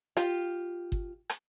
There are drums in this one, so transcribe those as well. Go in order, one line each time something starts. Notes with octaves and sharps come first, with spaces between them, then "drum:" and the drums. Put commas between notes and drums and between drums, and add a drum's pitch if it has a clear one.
F4 G4, drum: rim click
drum: kick G1
drum: rim click